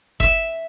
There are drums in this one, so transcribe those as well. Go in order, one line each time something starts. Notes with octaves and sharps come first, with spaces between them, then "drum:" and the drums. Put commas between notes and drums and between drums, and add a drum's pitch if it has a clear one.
E5, drum: kick F#1